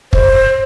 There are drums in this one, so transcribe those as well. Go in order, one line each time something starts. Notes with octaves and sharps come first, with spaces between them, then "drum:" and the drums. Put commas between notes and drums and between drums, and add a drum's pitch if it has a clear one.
C5, drum: kick